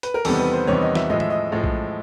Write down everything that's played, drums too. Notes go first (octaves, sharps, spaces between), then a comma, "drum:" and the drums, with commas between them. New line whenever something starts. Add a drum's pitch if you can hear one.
B4, drum: hi-hat
A#4
E2 C3 D#3 G3 B3 A4, drum: open hi-hat
B4
C5
E2 C3 D#3 G3 B3 C#5
D#5
E5, drum: snare
A2 F3 G#3 D#5
E5, drum: tom
D#5
A2 F3 G#3
drum: kick A#1